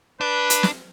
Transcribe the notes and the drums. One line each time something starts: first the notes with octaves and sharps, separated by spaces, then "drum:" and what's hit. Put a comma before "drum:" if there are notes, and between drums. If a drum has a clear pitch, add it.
D4 B4
drum: hi-hat
drum: snare